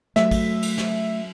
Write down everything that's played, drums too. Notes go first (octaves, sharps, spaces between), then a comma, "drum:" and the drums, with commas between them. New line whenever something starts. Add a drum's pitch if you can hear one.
F#3 A3 E5, drum: snare
drum: kick, cymbal
drum: cymbal
drum: snare